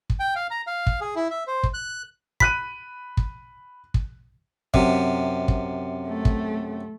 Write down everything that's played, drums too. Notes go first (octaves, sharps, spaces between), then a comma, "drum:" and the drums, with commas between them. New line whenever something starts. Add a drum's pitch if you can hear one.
drum: kick
G5
F5
A#5
F5
drum: kick
G#4
E4
E5
C5
drum: kick
F#6
B5 F#6 B6 D#7, drum: kick
drum: kick
drum: kick
F#2 C3, drum: kick
drum: kick
A3
drum: kick